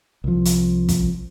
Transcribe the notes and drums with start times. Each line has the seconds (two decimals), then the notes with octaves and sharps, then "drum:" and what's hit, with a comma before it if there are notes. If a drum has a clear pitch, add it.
0.24 C2 F3
0.45 drum: hi-hat
0.89 drum: kick, hi-hat